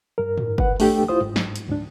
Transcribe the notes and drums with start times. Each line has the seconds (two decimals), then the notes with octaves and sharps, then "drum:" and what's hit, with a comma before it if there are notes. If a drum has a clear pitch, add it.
0.18 G2 A#4
0.38 drum: tom G#2
0.58 B4 F#5, drum: kick F#1
0.80 A3 D4 G4 A4 G5, drum: open hi-hat
1.08 E4 F4 C5 D#6
1.21 G#2
1.36 drum: snare
1.56 drum: hi-hat
1.67 D2 G#2 D4